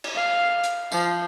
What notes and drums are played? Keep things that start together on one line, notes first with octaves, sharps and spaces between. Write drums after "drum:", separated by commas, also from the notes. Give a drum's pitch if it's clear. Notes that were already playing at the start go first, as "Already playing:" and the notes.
drum: cymbal
F5
drum: hi-hat
F3, drum: tambourine